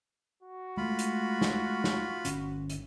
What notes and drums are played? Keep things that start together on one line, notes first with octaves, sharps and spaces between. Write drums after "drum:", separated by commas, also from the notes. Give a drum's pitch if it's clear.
F#4
G#3 A3 F4 B5
drum: hi-hat
drum: snare
drum: snare
G1 C#4, drum: hi-hat
drum: hi-hat